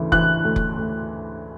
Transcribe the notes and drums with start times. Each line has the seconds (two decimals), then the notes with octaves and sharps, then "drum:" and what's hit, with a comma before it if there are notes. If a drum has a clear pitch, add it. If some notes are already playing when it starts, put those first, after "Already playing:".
Already playing: D2 C#3 E3
0.12 E3 F#6, drum: kick F1
0.45 D2
0.56 drum: kick F1
0.78 D2